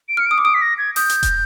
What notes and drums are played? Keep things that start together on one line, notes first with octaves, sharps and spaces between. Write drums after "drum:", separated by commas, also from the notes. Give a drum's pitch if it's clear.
D7
F6 C#7
D#6 D7
D6
D#6 D7
B6
A#6
G#6
D#6 G6, drum: open hi-hat
drum: hi-hat
drum: kick E1, hi-hat